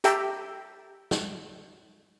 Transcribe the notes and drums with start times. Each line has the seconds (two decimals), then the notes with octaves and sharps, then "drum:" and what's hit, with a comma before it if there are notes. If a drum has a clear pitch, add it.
0.04 G4 A4 E5 G5 A#5, drum: hi-hat
1.11 drum: snare